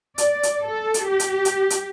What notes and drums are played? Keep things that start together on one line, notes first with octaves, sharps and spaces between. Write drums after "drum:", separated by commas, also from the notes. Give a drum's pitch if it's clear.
D5, drum: hi-hat
drum: hi-hat
A4
drum: hi-hat
G4
drum: hi-hat
drum: hi-hat
drum: hi-hat